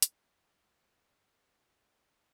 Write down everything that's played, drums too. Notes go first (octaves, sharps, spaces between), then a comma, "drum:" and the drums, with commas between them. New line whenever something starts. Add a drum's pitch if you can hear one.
drum: hi-hat
F#2 B3 B4